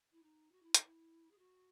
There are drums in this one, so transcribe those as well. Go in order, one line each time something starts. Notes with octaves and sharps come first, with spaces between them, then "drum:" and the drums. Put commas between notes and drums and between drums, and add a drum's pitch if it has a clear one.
E4
D#4
F#4
E4
D#4, drum: hi-hat
E4
G#4
F#4